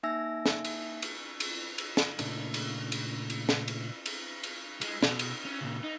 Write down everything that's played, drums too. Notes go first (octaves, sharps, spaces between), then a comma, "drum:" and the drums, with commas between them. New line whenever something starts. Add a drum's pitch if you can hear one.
A#3 D#4 E5 G#5 E6 A#6
drum: snare
drum: cymbal
drum: cymbal
drum: cymbal
drum: cymbal
drum: snare
A#2 C#3 A3 A#3 D4 D#4, drum: cymbal
drum: cymbal
drum: cymbal
drum: cymbal
drum: snare
drum: cymbal
drum: cymbal
drum: cymbal
G#3, drum: cymbal
B2, drum: snare
drum: cymbal
C#4
A#2 C#3
D#4